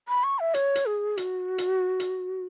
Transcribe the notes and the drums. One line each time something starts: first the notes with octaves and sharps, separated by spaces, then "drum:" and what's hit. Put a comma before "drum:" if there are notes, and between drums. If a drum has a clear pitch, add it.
B5
C#6
E5
C#5, drum: hi-hat
drum: hi-hat
G#4
F#4, drum: hi-hat
drum: hi-hat
drum: hi-hat